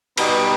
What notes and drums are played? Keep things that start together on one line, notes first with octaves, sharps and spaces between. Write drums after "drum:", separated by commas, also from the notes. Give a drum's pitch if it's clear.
B2 G3 B3 D#4, drum: cymbal